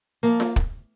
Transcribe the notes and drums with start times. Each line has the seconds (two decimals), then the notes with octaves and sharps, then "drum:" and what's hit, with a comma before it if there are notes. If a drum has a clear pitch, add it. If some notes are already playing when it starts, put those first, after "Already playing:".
0.23 F3 A#3
0.40 drum: snare F4
0.56 drum: kick